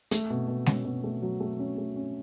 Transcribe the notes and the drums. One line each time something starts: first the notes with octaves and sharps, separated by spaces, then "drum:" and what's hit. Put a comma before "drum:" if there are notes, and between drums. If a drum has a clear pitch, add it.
A3, drum: hi-hat
B2
B2
C#4, drum: snare
B2
A3
F#3
A3
C#4
A3
C#4